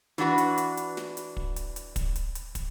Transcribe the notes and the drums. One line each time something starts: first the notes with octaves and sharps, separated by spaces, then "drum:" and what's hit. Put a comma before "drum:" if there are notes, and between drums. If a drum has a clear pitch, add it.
E3 D4 F#4 B4, drum: snare
drum: hi-hat
drum: hi-hat
drum: hi-hat
drum: snare
drum: hi-hat
drum: kick
drum: hi-hat
drum: hi-hat
drum: kick, hi-hat
drum: hi-hat
drum: hi-hat
drum: kick, hi-hat